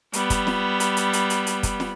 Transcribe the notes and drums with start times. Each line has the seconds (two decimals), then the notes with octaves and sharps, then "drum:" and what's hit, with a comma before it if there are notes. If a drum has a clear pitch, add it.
0.13 G3 B3, drum: hi-hat
0.30 drum: kick, hi-hat
0.47 drum: snare
0.80 drum: hi-hat
0.97 drum: hi-hat
1.13 drum: hi-hat
1.30 drum: hi-hat
1.47 drum: hi-hat
1.63 drum: kick, hi-hat
1.80 drum: snare